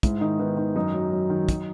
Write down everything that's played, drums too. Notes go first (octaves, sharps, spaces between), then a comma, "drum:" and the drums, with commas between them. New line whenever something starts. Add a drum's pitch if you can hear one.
G#2 E4, drum: kick, hi-hat
D#3 D#4
D#3 B3
D#3
F#2 D#4
F#3
F#3
D#3
F#3, drum: kick, hi-hat